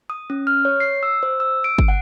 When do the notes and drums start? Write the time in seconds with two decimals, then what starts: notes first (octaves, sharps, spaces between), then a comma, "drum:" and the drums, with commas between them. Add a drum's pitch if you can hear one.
0.10 D#6
0.30 C#4
0.47 F6
0.65 C#5
0.80 C7
1.03 E6
1.23 C5
1.40 E6
1.64 D7
1.79 drum: kick G1
1.88 F#5